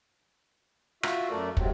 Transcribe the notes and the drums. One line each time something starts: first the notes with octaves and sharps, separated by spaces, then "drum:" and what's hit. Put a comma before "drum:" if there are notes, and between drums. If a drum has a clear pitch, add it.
F4 F#4 E5, drum: rim click
F#2 A3 A4 A#4 D5
G#2 C3 F#3 C4, drum: kick